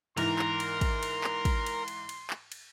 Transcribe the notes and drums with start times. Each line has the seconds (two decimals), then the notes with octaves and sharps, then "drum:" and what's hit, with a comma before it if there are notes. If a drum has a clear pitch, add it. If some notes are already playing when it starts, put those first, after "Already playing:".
0.18 G#2 E3 A#4 C6, drum: cymbal
0.39 drum: clap
0.60 drum: cymbal
0.81 drum: kick, cymbal
1.03 drum: cymbal
1.24 drum: clap
1.45 drum: kick, cymbal
1.66 drum: cymbal
1.88 drum: cymbal
2.09 drum: cymbal
2.30 drum: clap
2.52 drum: cymbal